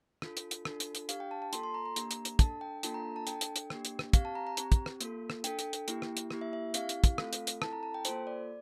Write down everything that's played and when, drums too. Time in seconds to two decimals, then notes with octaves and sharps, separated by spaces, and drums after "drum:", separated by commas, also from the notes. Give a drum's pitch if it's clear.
0.22 D4 F4 A4, drum: rim click
0.37 drum: hi-hat
0.51 drum: hi-hat
0.65 D4 F4 A4, drum: rim click
0.80 drum: hi-hat
0.95 drum: hi-hat
1.09 D4 G4 F5, drum: hi-hat
1.20 G5
1.31 A5
1.42 A5
1.53 A#3 F4 A4 C6, drum: hi-hat
1.63 C6
1.74 A#5
1.85 A#5
1.96 A#3 D4 G4, drum: hi-hat
2.11 drum: hi-hat
2.25 drum: hi-hat
2.39 D4 A4 A5, drum: kick, hi-hat
2.61 G5
2.83 A#3 D4 F4 A4 A5, drum: hi-hat
2.94 A#5
3.16 A5
3.27 D4 A4 G5, drum: hi-hat
3.41 drum: hi-hat
3.56 drum: hi-hat
3.70 A#3 D4 G4, drum: rim click
3.85 drum: hi-hat
3.99 drum: rim click
4.13 C4 G4 F5, drum: kick, hi-hat
4.25 A5
4.35 A#5
4.47 A#5
4.57 C4 G4, drum: hi-hat
4.72 drum: kick, hi-hat
4.86 drum: rim click
5.01 A#3 F4 A4, drum: hi-hat
5.30 drum: rim click
5.44 D4 A4 G5, drum: hi-hat
5.59 drum: hi-hat
5.73 drum: hi-hat
5.88 A#3 E4 G4, drum: hi-hat
6.02 drum: rim click
6.17 drum: hi-hat
6.31 A#3 E4 G4, drum: rim click
6.41 E5
6.53 E5
6.74 C4 E4 G4 F5, drum: hi-hat
6.89 drum: hi-hat
7.04 drum: kick, hi-hat
7.18 A3 C4 F4 A4, drum: rim click
7.33 drum: hi-hat
7.47 drum: hi-hat
7.62 C4 E4 A4 A5, drum: rim click
7.73 A#5
7.83 A5
7.94 G5
8.05 A#3 F4 A4 C5, drum: hi-hat
8.27 D5